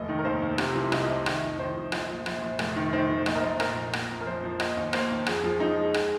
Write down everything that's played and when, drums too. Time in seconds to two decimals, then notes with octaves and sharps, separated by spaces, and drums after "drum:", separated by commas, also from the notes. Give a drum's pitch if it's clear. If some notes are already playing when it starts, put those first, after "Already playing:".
Already playing: F1 D#2 D#5
0.09 D#3
0.19 A#4
0.25 D#2 C5
0.42 D#2
0.58 C3, drum: rim click
0.76 C2
0.92 C2 D#5, drum: rim click
1.08 C3
1.26 D#3, drum: rim click
1.42 F2
1.59 D#3 C5
1.76 F2
1.92 A#1 C5, drum: rim click
2.09 A#1
2.26 A#1, drum: rim click
2.42 A#1
2.59 F1, drum: rim click
2.76 D#3
2.93 D#3 C5
3.10 F1
3.26 A#1 D#5, drum: rim click
3.35 A#4
3.42 A#1 C5
3.60 A#2 A#4, drum: rim click
3.76 A#1
3.93 A#3, drum: rim click
4.09 F2
4.21 A#4
4.27 F2 C5
4.43 F3
4.60 A#3 D#5, drum: rim click
4.77 D#2
4.93 A#3 C5, drum: rim click
5.10 D#2
5.26 F2 G#4, drum: rim click
5.44 F3
5.60 F3 D#4
5.77 G#3
5.94 G#4, drum: rim click